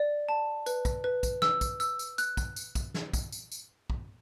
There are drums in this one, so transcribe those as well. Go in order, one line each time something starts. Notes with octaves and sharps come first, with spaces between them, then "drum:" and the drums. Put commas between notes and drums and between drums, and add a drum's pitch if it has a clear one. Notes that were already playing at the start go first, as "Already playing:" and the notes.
Already playing: D5
A5
B4, drum: tambourine
drum: kick, tambourine
B4
drum: kick, tambourine
E6, drum: snare
drum: kick, tambourine
E6, drum: tambourine
drum: tambourine
F#6, drum: tambourine
drum: kick, tambourine
drum: tambourine
drum: kick, tambourine
drum: snare
drum: kick, tambourine
drum: tambourine
drum: tambourine
drum: kick